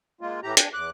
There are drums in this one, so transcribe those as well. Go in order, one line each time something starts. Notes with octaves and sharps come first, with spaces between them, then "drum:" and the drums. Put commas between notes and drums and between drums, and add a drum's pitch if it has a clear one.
G#3 A#3 F4
A2 E3 G4 A#5
D4 G5 G#5, drum: hi-hat
E2 D6 F#6